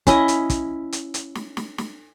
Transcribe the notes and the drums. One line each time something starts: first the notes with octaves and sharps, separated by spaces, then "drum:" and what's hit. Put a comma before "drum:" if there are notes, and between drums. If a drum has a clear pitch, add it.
C#4 E4 D#5, drum: kick, hi-hat
drum: hi-hat
drum: kick, hi-hat
drum: hi-hat
drum: hi-hat
drum: snare
drum: snare
drum: snare